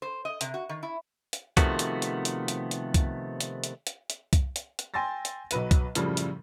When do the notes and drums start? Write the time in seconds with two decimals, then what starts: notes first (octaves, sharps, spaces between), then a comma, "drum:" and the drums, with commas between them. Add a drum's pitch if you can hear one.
0.02 C5
0.25 D#5
0.41 C3, drum: hi-hat
0.54 F#4
0.69 D#3
0.83 E4
1.33 drum: hi-hat
1.57 C3 D#3 F3 A3 B3 F#4, drum: kick C2, hi-hat
1.79 drum: hi-hat
2.02 drum: hi-hat
2.25 drum: hi-hat
2.48 drum: hi-hat
2.71 drum: hi-hat
2.94 drum: kick C2, hi-hat
3.40 drum: hi-hat
3.64 drum: hi-hat
3.87 drum: hi-hat
4.10 drum: hi-hat
4.33 drum: kick C2, hi-hat
4.56 drum: hi-hat
4.79 drum: hi-hat
4.94 G5 G#5 C6 E6 A6 A#6
5.25 drum: hi-hat
5.51 B1 F#3 B4 D#7, drum: hi-hat
5.71 drum: kick C2, hi-hat
5.95 F#2 A2 C#3 F3 G3, drum: hi-hat
6.17 drum: hi-hat